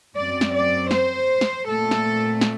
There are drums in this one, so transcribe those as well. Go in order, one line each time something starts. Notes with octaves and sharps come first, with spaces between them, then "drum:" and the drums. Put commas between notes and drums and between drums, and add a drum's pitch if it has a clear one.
F#2 F#3 C4 D5
drum: snare
D5
C5, drum: snare
drum: snare
A#2 A3 C4 A4
drum: snare
drum: snare